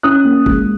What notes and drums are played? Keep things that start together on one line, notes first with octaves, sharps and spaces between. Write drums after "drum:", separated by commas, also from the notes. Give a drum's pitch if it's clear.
C#4 D#6 F#6
A#3
G#3, drum: kick